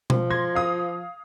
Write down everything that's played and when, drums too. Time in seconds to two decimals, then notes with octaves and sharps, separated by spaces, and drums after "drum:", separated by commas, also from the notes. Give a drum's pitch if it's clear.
0.10 F3, drum: tom B2
0.30 C6 G#6 A#6
0.55 F5 D#6